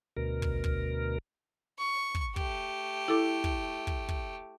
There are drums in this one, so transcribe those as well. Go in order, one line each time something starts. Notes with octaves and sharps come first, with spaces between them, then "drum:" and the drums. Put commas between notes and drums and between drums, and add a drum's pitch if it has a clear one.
D2 B2 A#4
drum: kick
drum: kick
C#6
drum: kick
A3 G4, drum: kick
E4 A4 D6
drum: kick
drum: kick
drum: kick